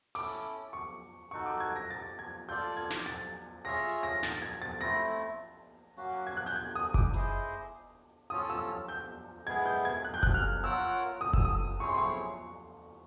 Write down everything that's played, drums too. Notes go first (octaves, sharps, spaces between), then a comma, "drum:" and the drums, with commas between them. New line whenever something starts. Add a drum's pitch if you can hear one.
C#4 E4 A4 D6, drum: open hi-hat
C#6
D#4 F#4 A4 C#6
D6
G#6
A#6
A6
G#6
F4 A4 D5 G6
G#6
drum: snare
A6
F4 G#4 C#5 E5 A#6
drum: hi-hat
A#6
A6, drum: snare
G#6
A6
A3 C4 E4 A#6
F#3 A#3 C#4 F#4
G#6
F#6
G6, drum: hi-hat
G#6
D#6
D6, drum: kick F#1
E4 G#4 C5 D#5, drum: hi-hat
C#4 F4 A4 C#5 D#6
E6
E6
G6
G#3 B3 E4 G#4 G#6
G6
G#6
F#6
G6
F#6, drum: kick F#1
F6
F4 A#4 C#5 F#5 E6
D#6
E6, drum: kick F#1
D#6
C4 E4 G#4 C#5 C#6
C6
C#6